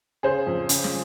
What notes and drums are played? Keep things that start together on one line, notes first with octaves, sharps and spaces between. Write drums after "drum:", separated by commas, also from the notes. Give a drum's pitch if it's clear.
C#3 G#4 C5
F2
C#3, drum: hi-hat
drum: snare